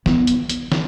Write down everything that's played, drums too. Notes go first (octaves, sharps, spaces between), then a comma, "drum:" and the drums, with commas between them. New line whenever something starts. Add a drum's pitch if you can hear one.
B3, drum: snare
drum: hi-hat
drum: hi-hat
drum: snare